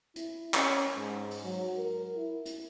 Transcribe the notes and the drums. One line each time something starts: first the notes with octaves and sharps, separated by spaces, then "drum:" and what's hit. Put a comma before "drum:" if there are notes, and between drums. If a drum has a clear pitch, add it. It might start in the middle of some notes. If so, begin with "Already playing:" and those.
E4, drum: hi-hat
C#4, drum: clap
G#2
drum: open hi-hat
F#3
A#4
E4
drum: hi-hat